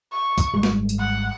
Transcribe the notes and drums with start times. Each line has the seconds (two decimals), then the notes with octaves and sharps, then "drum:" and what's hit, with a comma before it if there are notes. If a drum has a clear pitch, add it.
0.12 C#6
0.38 drum: kick, tambourine
0.53 G#1 G3 G#3
0.63 drum: snare
0.89 drum: tambourine
0.99 F#5